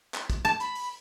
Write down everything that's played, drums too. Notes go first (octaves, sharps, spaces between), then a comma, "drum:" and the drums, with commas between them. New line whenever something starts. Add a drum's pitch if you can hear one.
drum: clap
drum: kick, hi-hat
A5, drum: hi-hat
B5, drum: hi-hat
drum: open hi-hat